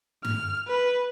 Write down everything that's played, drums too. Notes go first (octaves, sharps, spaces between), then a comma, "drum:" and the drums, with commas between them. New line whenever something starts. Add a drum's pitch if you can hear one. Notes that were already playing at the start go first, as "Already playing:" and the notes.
F6, drum: tom G2
B4